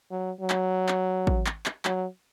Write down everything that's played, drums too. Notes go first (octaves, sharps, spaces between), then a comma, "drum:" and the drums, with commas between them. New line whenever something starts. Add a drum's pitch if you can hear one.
F#3
F#3
drum: clap
drum: clap
drum: kick
drum: clap
drum: clap
F#3, drum: clap